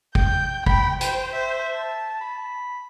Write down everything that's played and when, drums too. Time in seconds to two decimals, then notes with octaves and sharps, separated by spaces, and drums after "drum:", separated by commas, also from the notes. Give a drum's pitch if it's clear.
0.15 G5 G6, drum: kick
0.66 G5 B5, drum: kick
1.01 C5 G5, drum: hi-hat
1.33 C5 E5
1.76 A5
2.21 B5